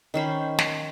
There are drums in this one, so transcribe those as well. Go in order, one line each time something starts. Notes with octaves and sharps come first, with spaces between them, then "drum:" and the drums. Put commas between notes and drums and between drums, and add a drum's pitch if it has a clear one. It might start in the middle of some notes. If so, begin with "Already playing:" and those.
D#3 C#4 C5 B5
drum: snare